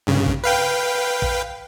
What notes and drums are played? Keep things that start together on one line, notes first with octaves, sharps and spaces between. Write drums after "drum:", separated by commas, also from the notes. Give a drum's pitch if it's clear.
G2 C#3
drum: kick A1
B4 F5 G5
drum: kick A1